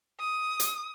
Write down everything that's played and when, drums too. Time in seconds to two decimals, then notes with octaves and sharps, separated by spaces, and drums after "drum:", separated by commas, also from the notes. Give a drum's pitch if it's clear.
0.20 D#6
0.60 drum: hi-hat